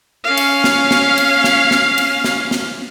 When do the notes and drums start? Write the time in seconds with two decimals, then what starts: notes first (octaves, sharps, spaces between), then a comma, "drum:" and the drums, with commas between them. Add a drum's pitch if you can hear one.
0.24 C#4 F5
0.37 drum: cymbal
0.64 drum: snare
0.91 drum: snare
1.18 drum: cymbal
1.44 drum: snare
1.71 drum: snare
1.98 drum: cymbal
2.24 drum: snare
2.51 drum: snare